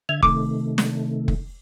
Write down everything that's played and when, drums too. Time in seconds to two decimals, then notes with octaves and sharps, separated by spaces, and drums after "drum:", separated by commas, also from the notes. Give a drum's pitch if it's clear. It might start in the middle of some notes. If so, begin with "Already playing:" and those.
0.09 D3 E5 G#6 F7
0.23 C3 D#3 A3 D6, drum: kick F1
0.78 drum: snare
1.28 drum: kick F1